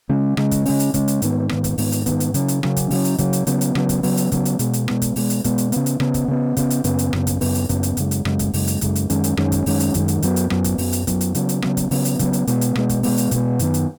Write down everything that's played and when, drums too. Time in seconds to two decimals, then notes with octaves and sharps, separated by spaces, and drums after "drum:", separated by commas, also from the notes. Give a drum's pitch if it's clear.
0.09 C#3 G#3 C#4
0.37 C#3 G#3 C#4, drum: rim click
0.51 drum: kick, hi-hat
0.66 C#3 G#3 C#4, drum: open hi-hat
0.80 drum: hi-hat
0.94 C#3 G#3 C#4, drum: kick, hi-hat
1.08 drum: hi-hat
1.22 G#2 D#3 B3, drum: hi-hat
1.49 G#2 D#3 B3, drum: rim click
1.64 drum: kick, hi-hat
1.78 G#2 D#3 B3, drum: open hi-hat
1.92 drum: hi-hat
2.06 G#2 D#3 B3, drum: kick, hi-hat
2.20 drum: hi-hat
2.34 C#3 F#3 C#4, drum: hi-hat
2.48 drum: hi-hat
2.63 C#3 F#3 C#4, drum: rim click
2.76 drum: kick, hi-hat
2.91 C#3 F#3 C#4, drum: open hi-hat
3.05 drum: hi-hat
3.18 C#3 F#3 C#4, drum: kick, hi-hat
3.33 drum: hi-hat
3.47 C#3 F#3 B3, drum: hi-hat
3.61 drum: hi-hat
3.75 C#3 F#3 B3, drum: rim click
3.89 drum: kick, hi-hat
4.03 C#3 F#3 B3, drum: open hi-hat
4.17 drum: hi-hat
4.32 C#3 F#3 B3, drum: kick, hi-hat
4.45 drum: hi-hat
4.59 B2 G#3 B3, drum: hi-hat
4.73 drum: hi-hat
4.88 B2 G#3 B3, drum: rim click
5.02 drum: kick, hi-hat
5.16 B2 G#3 B3, drum: open hi-hat
5.30 drum: hi-hat
5.44 B2 G#3 B3, drum: kick, hi-hat
5.58 drum: hi-hat
5.72 C#3 B3, drum: hi-hat
5.86 drum: hi-hat
6.00 C#3 B3, drum: rim click
6.14 drum: kick, hi-hat
6.28 C#3 B3
6.57 C#3 B3, drum: kick, hi-hat
6.70 drum: hi-hat
6.84 F#2 C#3 B3, drum: hi-hat
6.99 drum: hi-hat
7.13 F#2 C#3 B3, drum: rim click
7.27 drum: kick, hi-hat
7.41 F#2 C#3 B3, drum: open hi-hat
7.55 drum: hi-hat
7.69 F#2 C#3 B3, drum: kick, hi-hat
7.83 drum: hi-hat
7.97 F#2 C#3 G#3, drum: hi-hat
8.11 drum: hi-hat
8.25 F#2 C#3 G#3, drum: rim click
8.39 drum: kick, hi-hat
8.54 F#2 C#3 G#3, drum: open hi-hat
8.67 drum: hi-hat
8.81 F#2 C#3 G#3, drum: kick, hi-hat
8.95 drum: hi-hat
9.10 F#2 D#3 G#3 C#4, drum: hi-hat
9.24 drum: hi-hat
9.37 F#2 D#3 G#3 C#4, drum: rim click
9.52 drum: kick, hi-hat
9.66 F#2 D#3 G#3 C#4, drum: open hi-hat
9.80 drum: hi-hat
9.94 F#2 D#3 G#3 C#4, drum: kick, hi-hat
10.08 drum: hi-hat
10.22 F#2 F#3 B3, drum: hi-hat
10.36 drum: hi-hat
10.50 F#2 F#3 B3, drum: rim click
10.64 drum: kick, hi-hat
10.78 F#2 F#3 B3, drum: open hi-hat
10.92 drum: hi-hat
11.07 F#2 F#3 B3, drum: kick, hi-hat
11.21 drum: hi-hat
11.35 C#3 F#3 B3, drum: hi-hat
11.49 drum: hi-hat
11.62 C#3 F#3 B3, drum: rim click
11.77 drum: kick, hi-hat
11.91 C#3 F#3 B3, drum: open hi-hat
12.05 drum: hi-hat
12.19 C#3 F#3 B3, drum: kick, hi-hat
12.33 drum: hi-hat
12.47 B2 G#3 B3, drum: hi-hat
12.61 drum: hi-hat
12.75 B2 G#3 B3, drum: rim click
12.89 drum: kick, hi-hat
13.03 B2 G#3 B3, drum: open hi-hat
13.18 drum: hi-hat
13.31 B2 G#3 B3, drum: kick, hi-hat
13.59 F#2 D#3 B3, drum: hi-hat
13.74 drum: hi-hat